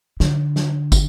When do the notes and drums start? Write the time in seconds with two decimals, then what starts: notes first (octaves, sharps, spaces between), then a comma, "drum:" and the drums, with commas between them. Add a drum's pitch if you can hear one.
0.20 D3, drum: snare
0.56 drum: snare
0.92 drum: kick, tambourine